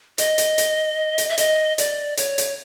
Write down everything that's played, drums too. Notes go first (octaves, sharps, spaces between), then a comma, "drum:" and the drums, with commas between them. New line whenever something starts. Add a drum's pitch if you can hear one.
D#5, drum: hi-hat
drum: hi-hat
drum: hi-hat
drum: hi-hat
E5
D#5, drum: hi-hat
D5, drum: hi-hat
C#5, drum: hi-hat
drum: hi-hat